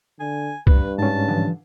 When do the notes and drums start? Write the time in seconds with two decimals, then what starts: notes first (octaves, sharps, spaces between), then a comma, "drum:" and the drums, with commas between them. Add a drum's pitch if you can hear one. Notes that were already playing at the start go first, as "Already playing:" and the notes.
0.20 D3 G#5
0.67 G2 B4, drum: kick
0.98 G#2 C#4 A5
1.28 D3 E3 F3